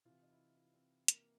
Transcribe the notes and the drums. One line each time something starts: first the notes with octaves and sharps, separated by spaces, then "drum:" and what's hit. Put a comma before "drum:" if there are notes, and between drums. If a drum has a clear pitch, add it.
C3 E3 F4
D#4
E4
F4
C4
A#3, drum: hi-hat